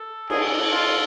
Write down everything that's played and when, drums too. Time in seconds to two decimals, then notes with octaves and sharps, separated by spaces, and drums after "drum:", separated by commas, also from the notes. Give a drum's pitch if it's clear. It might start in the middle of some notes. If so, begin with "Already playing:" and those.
Already playing: A4
0.30 G#4, drum: cymbal
0.72 F4